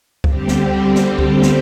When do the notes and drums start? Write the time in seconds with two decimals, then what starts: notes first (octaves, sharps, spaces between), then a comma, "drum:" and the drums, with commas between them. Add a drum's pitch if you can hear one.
0.24 D3 G3 C4 G4, drum: kick C#2
0.48 drum: snare
0.95 drum: snare
1.19 drum: kick C#2
1.42 drum: snare